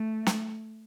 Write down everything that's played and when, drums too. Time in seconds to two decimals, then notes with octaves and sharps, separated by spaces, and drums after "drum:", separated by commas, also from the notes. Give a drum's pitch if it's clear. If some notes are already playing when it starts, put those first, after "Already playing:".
Already playing: A3
0.27 drum: snare